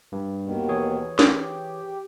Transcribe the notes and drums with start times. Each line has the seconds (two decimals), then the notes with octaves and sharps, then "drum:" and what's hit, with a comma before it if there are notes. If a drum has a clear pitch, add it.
0.12 G2
0.43 D#2 B2 D#3
0.68 E3 G#4 C#5
1.19 G4, drum: snare